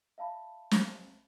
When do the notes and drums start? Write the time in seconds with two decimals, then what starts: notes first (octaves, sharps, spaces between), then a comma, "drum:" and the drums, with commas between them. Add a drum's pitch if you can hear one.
0.18 E5 F5 A5 B5
0.71 drum: snare